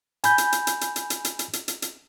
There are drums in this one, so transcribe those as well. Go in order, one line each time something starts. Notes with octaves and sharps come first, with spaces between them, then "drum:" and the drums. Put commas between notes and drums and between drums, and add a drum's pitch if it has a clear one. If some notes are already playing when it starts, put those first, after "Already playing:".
G#5 B5 G6, drum: hi-hat
drum: hi-hat
drum: hi-hat
drum: hi-hat
drum: hi-hat
drum: hi-hat
drum: hi-hat
drum: hi-hat
drum: hi-hat
drum: hi-hat
drum: hi-hat
drum: hi-hat